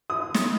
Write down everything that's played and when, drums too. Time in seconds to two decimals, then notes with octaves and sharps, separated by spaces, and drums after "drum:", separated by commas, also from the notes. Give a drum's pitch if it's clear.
0.10 D#6
0.34 drum: snare